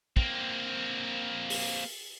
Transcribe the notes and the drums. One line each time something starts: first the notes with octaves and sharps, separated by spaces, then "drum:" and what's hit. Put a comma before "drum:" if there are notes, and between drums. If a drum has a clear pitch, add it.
A#3 C4, drum: kick
drum: open hi-hat